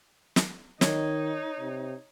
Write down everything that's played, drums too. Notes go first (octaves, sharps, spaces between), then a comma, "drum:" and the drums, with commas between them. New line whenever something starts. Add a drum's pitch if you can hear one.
drum: snare
D#3 D#4 C#5, drum: snare
C3